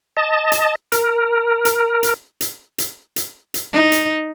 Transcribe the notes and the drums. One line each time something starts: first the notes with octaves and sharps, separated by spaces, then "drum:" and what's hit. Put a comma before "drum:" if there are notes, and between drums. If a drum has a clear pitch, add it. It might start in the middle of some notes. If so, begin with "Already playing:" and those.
D#5 A5
drum: hi-hat
A#4, drum: hi-hat
drum: hi-hat
drum: hi-hat
drum: hi-hat
drum: hi-hat
drum: hi-hat
drum: hi-hat
D#4
drum: hi-hat